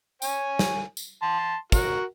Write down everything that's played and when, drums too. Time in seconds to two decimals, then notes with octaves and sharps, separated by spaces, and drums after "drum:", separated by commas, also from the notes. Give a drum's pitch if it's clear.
0.22 C#5 G#5, drum: tambourine
0.59 drum: snare
0.97 drum: tambourine
1.22 A5 C6
1.72 F#4 A#4, drum: kick, tambourine